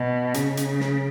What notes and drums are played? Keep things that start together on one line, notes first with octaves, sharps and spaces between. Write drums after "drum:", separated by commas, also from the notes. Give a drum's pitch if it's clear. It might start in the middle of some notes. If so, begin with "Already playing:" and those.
Already playing: B2
C#3, drum: hi-hat
drum: hi-hat
drum: snare